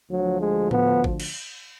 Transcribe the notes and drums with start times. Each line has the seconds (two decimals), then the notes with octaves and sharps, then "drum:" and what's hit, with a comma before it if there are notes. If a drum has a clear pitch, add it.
0.11 D2 D3 F3 F#3
0.41 G#3
0.71 B3, drum: tom A2
1.04 drum: kick
1.20 drum: cymbal